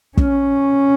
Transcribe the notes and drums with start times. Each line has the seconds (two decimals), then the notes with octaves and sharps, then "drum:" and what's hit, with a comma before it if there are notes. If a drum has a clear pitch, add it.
0.17 C#4, drum: kick